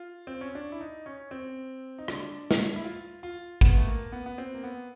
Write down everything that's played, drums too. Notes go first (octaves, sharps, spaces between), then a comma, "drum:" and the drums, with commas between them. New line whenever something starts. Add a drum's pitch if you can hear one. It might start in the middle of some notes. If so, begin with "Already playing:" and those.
Already playing: F4
C4
C#4
D4
E4
D#4
C#4
C4
D#4
D4, drum: rim click
drum: snare
E4
F4
F4
B3, drum: kick G#1
A3
A#3
B3
B3
C4
A#3
B3